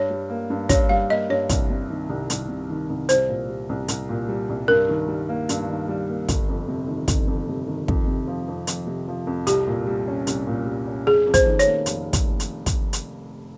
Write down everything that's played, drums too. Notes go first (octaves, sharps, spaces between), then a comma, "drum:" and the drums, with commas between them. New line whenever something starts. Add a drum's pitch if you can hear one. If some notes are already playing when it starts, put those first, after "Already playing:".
Already playing: G2 C#5
G3
A#3
G2
G2 C#5, drum: kick, hi-hat
G3 F5
A#3 D#5
G2 C#5
C2, drum: kick, hi-hat
C3
D#3
C2
C2, drum: hi-hat
C3
D#3
C2
C2 C5, drum: hi-hat
A#2
G3
C2
C2, drum: hi-hat
A#2
G3
C2
G2 A#4
D#3
G3
A#3
G2, drum: hi-hat
D#3
G3
A#3
G1, drum: kick, hi-hat
F2
C3
D#3
G1, drum: kick, hi-hat
F2
C3
D#3
F2, drum: kick
C3
F3
F2
F2, drum: hi-hat
C3
F3
F2
C2 G4, drum: hi-hat
A#2
G3
C#4
C2, drum: hi-hat
A#2
G3
C#4
F1 G#4
F2
C5, drum: kick, hi-hat
D#3
C#5, drum: hi-hat
A#3
F1, drum: hi-hat
drum: kick, hi-hat
drum: hi-hat
drum: kick, hi-hat
drum: hi-hat